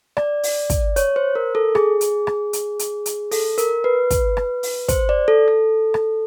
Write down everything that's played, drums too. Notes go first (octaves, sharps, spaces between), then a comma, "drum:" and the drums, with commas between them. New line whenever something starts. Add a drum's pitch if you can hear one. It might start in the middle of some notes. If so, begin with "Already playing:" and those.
D5, drum: rim click
drum: open hi-hat
drum: kick, hi-hat
C#5, drum: hi-hat
C5
A#4
A4
G#4, drum: rim click
drum: hi-hat
drum: rim click
drum: hi-hat
drum: hi-hat
drum: hi-hat
A4, drum: open hi-hat
A#4, drum: hi-hat
B4
drum: kick, hi-hat
drum: rim click
drum: open hi-hat
C5, drum: kick, hi-hat
D5
A4
A4
drum: rim click